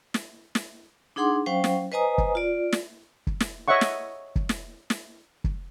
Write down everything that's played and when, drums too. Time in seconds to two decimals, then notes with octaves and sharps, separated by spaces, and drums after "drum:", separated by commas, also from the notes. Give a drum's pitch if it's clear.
0.14 drum: snare
0.55 drum: snare
1.16 D4 D#4 G#4 F#5 C6 D6
1.46 F#3 C#4 C5 F5 G5
1.64 drum: snare
1.92 B4 C5 D#5 G#5 A#5 D#6
2.18 drum: kick
2.35 F4 D5
2.72 drum: snare
3.27 drum: kick
3.40 drum: snare
3.68 C#5 D#5 E5 F#5 C#6
3.81 drum: snare
4.36 drum: kick
4.49 drum: snare
4.90 drum: snare
5.44 drum: kick